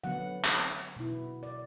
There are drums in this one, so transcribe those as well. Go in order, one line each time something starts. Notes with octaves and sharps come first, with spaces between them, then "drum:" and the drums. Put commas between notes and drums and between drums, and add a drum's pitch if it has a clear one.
D3 F#3 B3 F#5
drum: clap
B2 B3 E4
D5